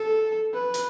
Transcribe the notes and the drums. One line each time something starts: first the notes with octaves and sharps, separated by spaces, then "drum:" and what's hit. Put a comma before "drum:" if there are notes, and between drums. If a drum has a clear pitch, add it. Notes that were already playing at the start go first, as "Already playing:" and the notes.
Already playing: A4
B4
drum: hi-hat